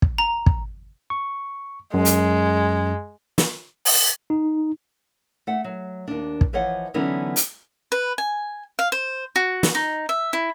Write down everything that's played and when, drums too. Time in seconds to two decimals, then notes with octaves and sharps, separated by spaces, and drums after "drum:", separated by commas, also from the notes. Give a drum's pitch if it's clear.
0.02 drum: kick
0.18 A#5
0.46 drum: kick
1.10 C#6
1.94 F#2 G#3
2.05 drum: hi-hat
3.38 drum: snare
3.85 drum: open hi-hat
4.30 D#4
5.47 A3 F#5
5.64 F#3
6.08 D#2 D4
6.41 drum: kick
6.53 E3 F3 C#5 D#5 F#5
6.94 D3 E3 F#3 B3 C#4 D#4
7.36 drum: hi-hat
7.92 B4
8.18 G#5
8.79 F5
8.92 C5
9.36 F#4
9.63 drum: snare
9.75 D#4
10.09 E5
10.33 E4